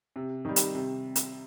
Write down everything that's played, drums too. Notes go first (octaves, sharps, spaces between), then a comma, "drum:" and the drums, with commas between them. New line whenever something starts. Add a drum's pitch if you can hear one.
C3
D#3 G3
drum: hi-hat
C3
drum: hi-hat